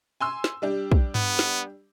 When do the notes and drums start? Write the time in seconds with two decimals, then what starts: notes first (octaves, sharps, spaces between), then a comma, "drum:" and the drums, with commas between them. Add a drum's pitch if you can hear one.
0.21 G#5 C6 E6
0.44 drum: snare
0.62 G3 D4 G4
0.92 drum: kick
1.15 B3, drum: tom G2
1.39 drum: snare